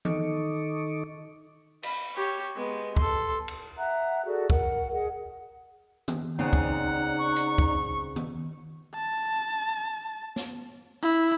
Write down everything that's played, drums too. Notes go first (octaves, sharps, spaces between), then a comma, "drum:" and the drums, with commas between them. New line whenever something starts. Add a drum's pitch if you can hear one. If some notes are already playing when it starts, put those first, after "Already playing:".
D#3 D#4 A4 D#5 C#6 D6, drum: tom E3
B5, drum: cymbal
G4 C#5
G#3 B3
A4 C6, drum: kick
drum: cymbal
E5 F#5 A#5 F#6
F#4 G#4 A4 D5
A#4 F#5, drum: kick
G#4 D#5 F#5
drum: tom
C#3 B3 C4 D#4 D5 F#5 A#5, drum: tom G2
drum: kick
C#6
drum: hi-hat
drum: kick
drum: tom
A5
drum: snare
E4